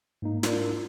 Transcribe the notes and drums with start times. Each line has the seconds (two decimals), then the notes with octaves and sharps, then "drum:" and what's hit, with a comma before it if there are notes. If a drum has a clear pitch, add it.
0.22 G#2 A#3 D#4
0.43 D4 E4 F4 A#4 D5, drum: snare